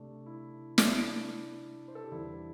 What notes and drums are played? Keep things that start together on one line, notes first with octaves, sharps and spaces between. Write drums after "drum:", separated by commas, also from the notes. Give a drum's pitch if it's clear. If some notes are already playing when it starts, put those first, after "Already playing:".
Already playing: C3 A3 D4
E4
D4, drum: snare
E4
C5
A4
G4
E2 E3 G3 D4 E4